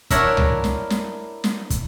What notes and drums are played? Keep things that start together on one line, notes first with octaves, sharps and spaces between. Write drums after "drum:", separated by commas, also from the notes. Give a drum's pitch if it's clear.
D4 E4 A#4 C#5 E5 F#5, drum: kick, hi-hat
drum: tom C#2
drum: snare
drum: snare
drum: snare
drum: kick, hi-hat